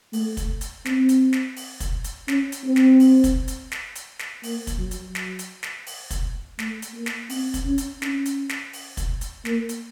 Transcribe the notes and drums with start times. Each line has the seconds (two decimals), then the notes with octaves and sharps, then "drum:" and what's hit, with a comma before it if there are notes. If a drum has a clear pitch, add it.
0.13 A3, drum: open hi-hat
0.37 drum: kick, hi-hat
0.61 drum: hi-hat
0.85 C4, drum: snare
1.09 drum: hi-hat
1.33 drum: snare
1.56 drum: open hi-hat
1.80 drum: kick, hi-hat
2.04 drum: hi-hat
2.28 C#4, drum: snare
2.52 drum: hi-hat
2.63 C4
2.76 drum: snare
3.00 drum: open hi-hat
3.24 drum: kick, hi-hat
3.48 drum: hi-hat
3.72 drum: snare
3.95 drum: hi-hat
4.19 drum: snare
4.43 A#3, drum: open hi-hat
4.67 drum: kick, hi-hat
4.78 F#3
4.91 drum: hi-hat
5.15 drum: snare
5.39 drum: hi-hat
5.63 drum: snare
5.87 drum: open hi-hat
6.10 drum: kick, hi-hat
6.59 A3, drum: snare
6.82 drum: hi-hat
6.94 A#3
7.06 drum: snare
7.30 C4, drum: open hi-hat
7.54 drum: kick, hi-hat
7.65 C#4
7.78 drum: hi-hat
8.02 C#4, drum: snare
8.26 drum: hi-hat
8.49 drum: snare
8.73 drum: open hi-hat
8.97 drum: kick, hi-hat
9.21 drum: hi-hat
9.45 A#3, drum: snare
9.69 drum: hi-hat